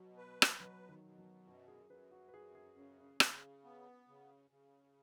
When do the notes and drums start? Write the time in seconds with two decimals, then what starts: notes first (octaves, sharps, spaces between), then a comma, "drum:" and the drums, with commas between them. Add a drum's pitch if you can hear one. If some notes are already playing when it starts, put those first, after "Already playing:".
Already playing: B2 F#3
0.17 B4
0.42 drum: rim click
0.59 B2 F#3
0.89 D#3
1.04 B2
1.18 F#3
1.47 F#2 F#4
1.68 G#4
1.90 F#2 B4
2.12 F#4
2.28 B4
2.34 F#2 G#4
2.55 G#4
2.77 C#3 C#4
2.98 C#4
3.20 C#3 G#4, drum: rim click
3.64 B3
4.08 C#3
4.50 C#3